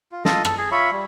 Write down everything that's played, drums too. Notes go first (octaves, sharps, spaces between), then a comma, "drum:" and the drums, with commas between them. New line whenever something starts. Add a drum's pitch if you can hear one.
F4
F4 A4 D#5, drum: snare
A4, drum: rim click
G#4
F4 C#5 E5 B5
G3